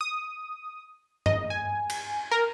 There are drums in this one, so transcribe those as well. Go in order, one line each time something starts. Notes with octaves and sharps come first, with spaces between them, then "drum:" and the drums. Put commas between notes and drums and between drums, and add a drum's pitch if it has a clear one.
D#6
D#5, drum: tom G2
G#5
drum: cymbal
A#4